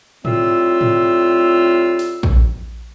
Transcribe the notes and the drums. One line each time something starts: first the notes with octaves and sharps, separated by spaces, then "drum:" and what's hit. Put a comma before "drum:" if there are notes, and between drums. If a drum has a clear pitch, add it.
A2 G3 C4 F4 E6, drum: tom G#2
drum: tom G#2
drum: open hi-hat
drum: kick